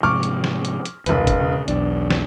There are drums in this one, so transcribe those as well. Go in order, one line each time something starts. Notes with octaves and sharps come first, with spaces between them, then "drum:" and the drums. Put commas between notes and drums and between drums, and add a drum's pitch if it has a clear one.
G#2 C3 F3 C#6 D6 F6
drum: hi-hat
drum: snare
drum: hi-hat
drum: hi-hat
E1 C2 G2 B4, drum: hi-hat
drum: kick F#1, hi-hat
C#3
B1 E2 D4, drum: hi-hat
drum: snare